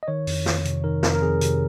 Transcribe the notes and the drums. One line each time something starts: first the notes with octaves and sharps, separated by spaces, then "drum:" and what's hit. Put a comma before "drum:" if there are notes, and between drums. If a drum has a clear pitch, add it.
D#5
D#3 C#5
F2, drum: open hi-hat
F2, drum: snare
C3, drum: hi-hat
D#3 A#4
F2 A#4, drum: snare
A#4
F2 G#4
C3, drum: hi-hat